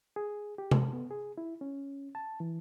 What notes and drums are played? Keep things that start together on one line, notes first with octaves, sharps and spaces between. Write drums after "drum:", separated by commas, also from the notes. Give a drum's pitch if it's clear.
G#4
G4
A4, drum: tom C3
B3
G#4
E4
C#4
A5
E3